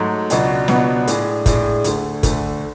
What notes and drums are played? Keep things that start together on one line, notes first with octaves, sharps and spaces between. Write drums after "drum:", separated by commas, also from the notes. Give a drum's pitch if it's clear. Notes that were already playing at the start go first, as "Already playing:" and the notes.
Already playing: G#2 F#3 A3
C#2 B2 F#3 B3 D4, drum: hi-hat
C#2 B2 F#3 B3 D4, drum: snare
A2 G#3 D4 G#4, drum: hi-hat
A2 G#3 D4 G#4, drum: kick, hi-hat
D2 D3 A3, drum: hi-hat
D2 D3 A3, drum: kick, hi-hat